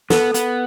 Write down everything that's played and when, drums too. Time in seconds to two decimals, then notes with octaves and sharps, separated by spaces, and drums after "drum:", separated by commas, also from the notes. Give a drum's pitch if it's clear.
0.10 B3 A4, drum: snare
0.34 B3, drum: hi-hat